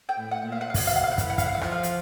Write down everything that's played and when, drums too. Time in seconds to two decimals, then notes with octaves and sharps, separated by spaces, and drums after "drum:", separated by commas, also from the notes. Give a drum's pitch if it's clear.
0.09 G5
0.17 A2
0.31 F#5
0.45 A#2
0.52 F5
0.61 F#5
0.70 F5
0.74 B2 F#5, drum: kick, open hi-hat
0.87 F5
0.96 F#5
1.04 F5
1.12 F#5
1.18 E3 F5, drum: kick, hi-hat
1.30 F#5
1.38 F5, drum: kick, hi-hat
1.46 F#5
1.55 F5
1.61 F3 F#5, drum: rim click
1.72 F5
1.83 drum: hi-hat